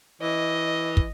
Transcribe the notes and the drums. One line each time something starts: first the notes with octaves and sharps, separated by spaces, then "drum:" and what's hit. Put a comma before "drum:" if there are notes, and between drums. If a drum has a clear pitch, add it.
E3 D#5
drum: kick